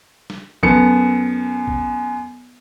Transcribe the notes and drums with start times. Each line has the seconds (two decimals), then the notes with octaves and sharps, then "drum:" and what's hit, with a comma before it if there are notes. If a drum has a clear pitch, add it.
0.30 drum: snare
0.63 F#2 B3 A4 C#7, drum: kick
1.67 drum: kick